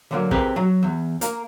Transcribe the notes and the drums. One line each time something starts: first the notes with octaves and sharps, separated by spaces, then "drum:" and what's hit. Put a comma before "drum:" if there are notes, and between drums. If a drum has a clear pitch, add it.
D3 F#3 A#3
C4 G4 G#4 A#4 B4, drum: kick
F#3
E2
A#3 A#4, drum: hi-hat